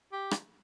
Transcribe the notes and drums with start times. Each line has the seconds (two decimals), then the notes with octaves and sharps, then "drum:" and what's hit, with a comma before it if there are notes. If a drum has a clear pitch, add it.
0.13 G4
0.31 drum: rim click